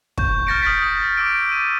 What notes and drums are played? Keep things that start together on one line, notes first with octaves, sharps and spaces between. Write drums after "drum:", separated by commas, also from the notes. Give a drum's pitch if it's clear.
C#6 G6, drum: kick
F6 G6 A6 A#6 C#7 D7
D#6 F6 A6 B6
D#6
D6 E6 D7
E6 D#7